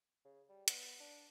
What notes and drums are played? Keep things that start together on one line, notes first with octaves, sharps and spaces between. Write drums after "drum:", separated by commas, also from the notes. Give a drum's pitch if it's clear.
C#3
G3
B3, drum: hi-hat
D4